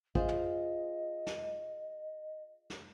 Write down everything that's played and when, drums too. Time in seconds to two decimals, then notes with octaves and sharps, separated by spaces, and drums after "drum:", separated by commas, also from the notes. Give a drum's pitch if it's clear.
0.15 F4 G#4 C5 D#5, drum: kick
0.28 drum: tom
1.27 drum: snare
2.70 drum: snare